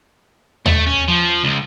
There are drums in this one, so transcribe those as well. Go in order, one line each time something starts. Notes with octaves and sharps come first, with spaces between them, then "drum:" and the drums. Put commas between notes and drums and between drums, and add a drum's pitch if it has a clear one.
A3, drum: tom D#2
C#4
F3
C#2